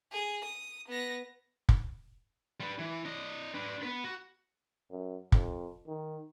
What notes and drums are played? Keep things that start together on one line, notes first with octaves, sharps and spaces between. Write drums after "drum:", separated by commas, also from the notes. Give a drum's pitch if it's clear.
G#4
D#6
B3 A#6
drum: kick
G3 B4
E3
D4 D#5
D4 B4
B3 B4
F#4
F#2
F2, drum: kick
D#3